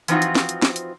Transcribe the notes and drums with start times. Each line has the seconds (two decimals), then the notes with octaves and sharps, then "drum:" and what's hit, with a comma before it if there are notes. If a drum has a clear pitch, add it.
0.08 E3 F3 C4 D#4 F4 F#4, drum: hi-hat
0.22 drum: hi-hat
0.35 drum: snare
0.49 drum: hi-hat
0.62 drum: snare
0.76 drum: hi-hat